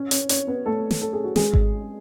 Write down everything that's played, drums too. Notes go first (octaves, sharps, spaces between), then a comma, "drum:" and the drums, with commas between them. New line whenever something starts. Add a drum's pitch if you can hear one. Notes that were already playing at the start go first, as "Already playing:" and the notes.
Already playing: C#4 C#5
C#4 C#5, drum: hi-hat
C#4 C#5, drum: hi-hat
B3 B4
A3 A4
drum: snare
A4
G#4
F#4
G#3 G#4, drum: snare
drum: kick G#1